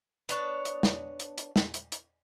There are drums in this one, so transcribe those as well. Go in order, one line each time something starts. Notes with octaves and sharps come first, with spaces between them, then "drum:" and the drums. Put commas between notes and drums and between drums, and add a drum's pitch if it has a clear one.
B3 D4 C#5 A5, drum: hi-hat
drum: hi-hat
drum: snare
drum: hi-hat
drum: hi-hat
drum: snare
drum: hi-hat
drum: hi-hat